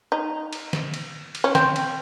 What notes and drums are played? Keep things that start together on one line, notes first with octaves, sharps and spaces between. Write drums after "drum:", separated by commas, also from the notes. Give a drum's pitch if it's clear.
D#4
drum: cymbal
drum: snare
drum: cymbal
drum: cymbal
C#4
C4, drum: snare
drum: cymbal